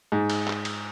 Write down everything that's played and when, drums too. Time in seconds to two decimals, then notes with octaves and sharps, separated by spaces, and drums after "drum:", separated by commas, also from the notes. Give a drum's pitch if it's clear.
0.12 G#2
0.30 drum: cymbal
0.47 drum: clap
0.65 drum: cymbal